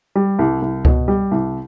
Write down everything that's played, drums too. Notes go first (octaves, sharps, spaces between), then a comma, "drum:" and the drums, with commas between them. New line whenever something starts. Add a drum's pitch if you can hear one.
G3
C2
C2
B2, drum: kick C#2
G3
C2